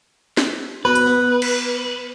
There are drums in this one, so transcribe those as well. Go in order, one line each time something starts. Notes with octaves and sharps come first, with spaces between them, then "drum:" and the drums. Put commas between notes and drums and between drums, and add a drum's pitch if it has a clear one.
drum: snare
B3 F#4 B4
drum: hi-hat
B3
drum: cymbal